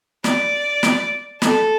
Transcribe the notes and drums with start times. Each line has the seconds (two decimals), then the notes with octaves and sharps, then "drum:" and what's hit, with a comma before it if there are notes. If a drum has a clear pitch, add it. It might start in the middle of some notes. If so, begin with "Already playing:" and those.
0.24 D5, drum: snare
0.83 drum: snare
1.42 A4, drum: snare